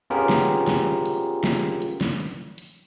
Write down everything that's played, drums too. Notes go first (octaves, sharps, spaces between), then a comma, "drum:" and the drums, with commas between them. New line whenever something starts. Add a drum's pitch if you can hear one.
B3 C#4 F4 G4 G#4 A#4
drum: snare
drum: snare
drum: hi-hat
drum: snare
drum: hi-hat
drum: snare
drum: hi-hat
drum: hi-hat